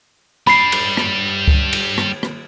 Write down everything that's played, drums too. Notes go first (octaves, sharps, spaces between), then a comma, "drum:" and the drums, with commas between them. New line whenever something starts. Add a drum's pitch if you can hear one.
G3 D4 B5 C7, drum: rim click
drum: cymbal
drum: rim click
drum: kick C#2
drum: cymbal
drum: rim click
drum: rim click